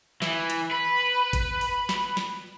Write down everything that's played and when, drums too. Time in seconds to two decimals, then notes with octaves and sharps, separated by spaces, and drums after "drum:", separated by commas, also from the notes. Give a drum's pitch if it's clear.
0.22 E3, drum: snare
0.50 drum: hi-hat
0.71 B4
1.33 drum: kick G#1, hi-hat
1.61 drum: open hi-hat
1.89 drum: snare
2.17 drum: snare